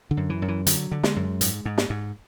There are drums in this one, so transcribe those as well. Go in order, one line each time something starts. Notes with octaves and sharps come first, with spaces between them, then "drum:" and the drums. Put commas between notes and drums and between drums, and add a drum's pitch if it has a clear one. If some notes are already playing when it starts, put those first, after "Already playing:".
D3
F#2
E3
F#2
E3
D3 F#3, drum: hi-hat
D3
G#3, drum: snare
F#2
G#2, drum: hi-hat
G#2
drum: snare
G#2